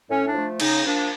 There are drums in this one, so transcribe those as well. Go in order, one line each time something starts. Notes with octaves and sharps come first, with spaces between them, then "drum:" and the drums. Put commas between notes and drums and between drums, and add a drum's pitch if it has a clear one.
A2 C#4
D4
F3 A3
C#3 D#4, drum: cymbal
F3 A#3 D4